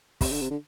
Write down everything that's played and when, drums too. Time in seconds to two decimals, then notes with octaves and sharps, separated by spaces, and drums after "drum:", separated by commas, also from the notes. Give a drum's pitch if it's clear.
0.21 C3, drum: kick, open hi-hat
0.31 D3
0.41 C3
0.50 D3